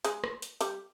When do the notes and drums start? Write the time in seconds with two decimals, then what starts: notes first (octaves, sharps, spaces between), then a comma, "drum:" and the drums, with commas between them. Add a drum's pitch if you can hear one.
0.05 G#3 G#4, drum: hi-hat
0.24 drum: rim click
0.42 drum: hi-hat
0.61 G3 G4, drum: hi-hat